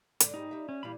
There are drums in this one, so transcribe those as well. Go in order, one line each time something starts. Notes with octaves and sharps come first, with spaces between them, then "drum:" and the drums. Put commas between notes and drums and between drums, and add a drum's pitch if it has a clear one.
G#2 D3, drum: hi-hat
G#2 G3 D#4
G3 E5
C#4
A#2 E3 G3 F5 B5